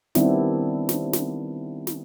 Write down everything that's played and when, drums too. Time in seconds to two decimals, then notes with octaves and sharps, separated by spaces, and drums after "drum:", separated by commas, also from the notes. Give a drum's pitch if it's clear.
0.15 D#3 G3 B3 C4 D4 E4, drum: snare
0.89 drum: snare
1.13 drum: snare
1.87 drum: snare